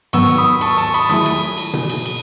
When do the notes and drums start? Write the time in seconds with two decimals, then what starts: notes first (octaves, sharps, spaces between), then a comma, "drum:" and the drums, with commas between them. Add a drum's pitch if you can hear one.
0.13 G#2 D#3 F#3 B3 C#6 E6, drum: cymbal
0.38 B5 D#6
0.61 A5 C#6, drum: cymbal
0.77 A5 C#6
0.94 B5 D#6, drum: cymbal
1.10 D#3 F#3 A3 E4 G#4 B5 D#6, drum: cymbal
1.26 drum: cymbal
1.58 drum: cymbal
1.74 drum: tom B2
1.89 drum: cymbal
2.05 drum: cymbal